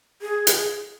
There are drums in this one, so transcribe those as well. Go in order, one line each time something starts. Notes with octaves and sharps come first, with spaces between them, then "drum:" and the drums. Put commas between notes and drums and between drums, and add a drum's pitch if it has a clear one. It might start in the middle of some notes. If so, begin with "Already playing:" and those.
G#4
drum: hi-hat